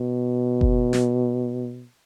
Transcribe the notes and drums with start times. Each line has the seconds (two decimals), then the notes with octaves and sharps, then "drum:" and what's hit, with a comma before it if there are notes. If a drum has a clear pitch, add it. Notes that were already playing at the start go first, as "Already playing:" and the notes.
Already playing: B2
0.61 drum: kick F#1
0.93 drum: snare